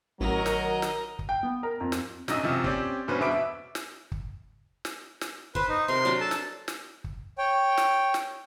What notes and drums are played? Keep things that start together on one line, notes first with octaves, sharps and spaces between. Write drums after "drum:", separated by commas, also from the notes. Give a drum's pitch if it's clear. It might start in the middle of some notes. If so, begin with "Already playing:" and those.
A1 D#3 F#3 A#4 D#5
drum: snare
drum: snare
drum: kick
G5
B3
A#4
F2
drum: snare
B1 F#2 D#5 D#6 E6, drum: snare
F#2 C3 F3 F6
C4 C#4 G4 D5, drum: kick
G2 B2 C#4 B4 C5 F6
E1 B2 E5 B5 D6 D7
E5
drum: snare
drum: kick
drum: snare
drum: snare
B4 C5 C6, drum: kick
D#4
C3 A#4 C6
F#3 D4 F#4
A4 A5
drum: snare
drum: snare
drum: kick
C#5 G5
drum: snare
drum: snare